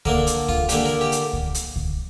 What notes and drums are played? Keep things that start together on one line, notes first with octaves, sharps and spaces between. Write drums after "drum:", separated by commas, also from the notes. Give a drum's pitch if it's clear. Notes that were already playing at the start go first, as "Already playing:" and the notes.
D3 A#3 D4 A#4, drum: kick C#2
drum: hi-hat
F4, drum: kick C#2
D3 A#3 D4 G4, drum: hi-hat
A#4
G4
drum: hi-hat
drum: kick C#2
drum: hi-hat
drum: kick C#2